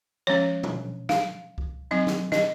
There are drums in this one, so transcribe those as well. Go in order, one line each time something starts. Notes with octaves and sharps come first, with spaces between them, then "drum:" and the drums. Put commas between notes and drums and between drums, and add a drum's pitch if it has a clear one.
F3 G#3 C#4 C#5
drum: tom
F5, drum: snare
drum: kick C#2
F#3 C4 D#4 D#5
drum: snare
D#5, drum: snare